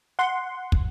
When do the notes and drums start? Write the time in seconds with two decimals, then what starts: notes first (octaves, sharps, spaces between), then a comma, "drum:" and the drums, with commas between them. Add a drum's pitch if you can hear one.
0.19 F#5 C6
0.72 drum: kick